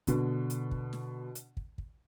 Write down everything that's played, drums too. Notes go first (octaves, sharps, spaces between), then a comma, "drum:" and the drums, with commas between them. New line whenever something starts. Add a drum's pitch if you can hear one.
B2 D3, drum: kick, hi-hat
drum: hi-hat
drum: kick
drum: snare
drum: hi-hat
drum: kick
drum: kick